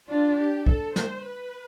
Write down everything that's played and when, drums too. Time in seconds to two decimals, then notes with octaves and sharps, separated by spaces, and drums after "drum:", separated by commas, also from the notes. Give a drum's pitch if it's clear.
0.08 D4 F4
0.38 G4
0.66 A4, drum: kick
0.96 C5, drum: snare
1.24 B4